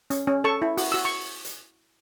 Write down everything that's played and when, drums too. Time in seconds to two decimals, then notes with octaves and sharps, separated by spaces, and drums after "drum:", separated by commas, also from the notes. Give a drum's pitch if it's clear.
0.10 C#4, drum: hi-hat
0.27 C#4
0.44 A4 A5 C#6
0.62 E4
0.77 F#4, drum: open hi-hat
0.92 F#4 E6
1.05 C#6
1.45 drum: hi-hat